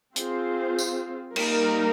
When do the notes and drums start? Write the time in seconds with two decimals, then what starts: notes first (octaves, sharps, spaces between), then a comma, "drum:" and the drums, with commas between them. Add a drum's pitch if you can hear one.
0.16 C4 F4 G#4 C5, drum: hi-hat
0.79 drum: tambourine
1.36 G3 A#3 D#4 A#4, drum: cymbal